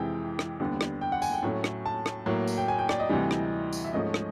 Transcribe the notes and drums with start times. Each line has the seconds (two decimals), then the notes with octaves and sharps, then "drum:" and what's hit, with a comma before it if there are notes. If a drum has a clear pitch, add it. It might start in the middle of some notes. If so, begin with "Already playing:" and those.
Already playing: F2 C3 E3 G#3 G5
0.39 drum: rim click
0.60 D#2 D3 G3 B3
0.81 drum: rim click
1.01 G5
1.12 F#5
1.22 G#5, drum: tambourine
1.33 G5
1.43 A2 F#3 A3 C#4
1.64 drum: rim click
1.86 A5
2.06 drum: rim click
2.26 A2 F#3 A#3
2.47 drum: tambourine
2.57 G5
2.68 G#5
2.79 G5
2.89 D5, drum: rim click
3.00 D#5
3.09 D2 C3 E3 G3
3.31 drum: rim click
3.73 drum: tambourine
3.84 E5
3.93 G#2 F3 A3 C#4 D#5
4.14 drum: rim click